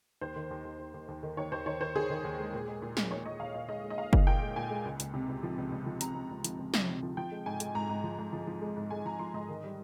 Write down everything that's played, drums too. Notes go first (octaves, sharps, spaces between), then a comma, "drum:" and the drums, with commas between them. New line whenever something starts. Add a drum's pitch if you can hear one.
D#2 C5
D#3
D#2
D#2
D#2
D#2
D#2
D#3
D#2 C#5
D#2 C5
D#3 C#5
D#3 C5
D#3 G#4
D#3
D#2
G#3
A#2
G#3
A#2
G#3, drum: snare
G#3 C#5
A#2 D#5
A#2 F5
A#2 D#5
G#3 D#5
G#3
D#5
G#3 F5
A#2, drum: kick F#1
A#2 G5
G#3
A#2 G#5
G#3
C#2
C#2, drum: hi-hat
C3
C#2
F3
C#2
C#2
F3
C3 A#5, drum: hi-hat
C3
C#2
F3, drum: hi-hat
C#2
C#2, drum: snare
C3
F3
F3 G5
G#3
G#2 G#5
G#3, drum: hi-hat
G#2 A#5
G#2
F3
G#2
F3
F3
G#3
G#2
G#3 G#5
F3 A#5
F3 C6
G#2 D#5
D#3
G3